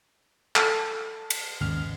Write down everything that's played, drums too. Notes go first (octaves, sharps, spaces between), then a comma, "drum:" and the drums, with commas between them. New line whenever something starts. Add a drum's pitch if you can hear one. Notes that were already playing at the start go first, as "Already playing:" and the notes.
A4, drum: clap
drum: cymbal
G#1 D#2 C#3 F6